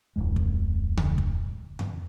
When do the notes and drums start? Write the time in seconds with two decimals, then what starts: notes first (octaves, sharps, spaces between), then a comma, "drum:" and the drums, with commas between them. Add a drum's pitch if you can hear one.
0.16 D1 C2 F2 G#3
0.36 drum: kick
0.97 drum: tom C#3
1.18 drum: kick
1.79 drum: tom F2